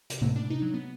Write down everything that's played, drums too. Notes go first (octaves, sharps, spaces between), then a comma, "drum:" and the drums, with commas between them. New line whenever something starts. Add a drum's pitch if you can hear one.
C3, drum: hi-hat
A2, drum: tom C3
D4
D#4
F#3
B3